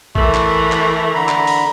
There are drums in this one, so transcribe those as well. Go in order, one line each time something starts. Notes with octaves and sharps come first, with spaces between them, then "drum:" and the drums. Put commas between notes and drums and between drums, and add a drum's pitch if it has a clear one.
E3 A3 A#4, drum: kick A#1
drum: clap
drum: clap
D3 A#5 B5
drum: clap
drum: open hi-hat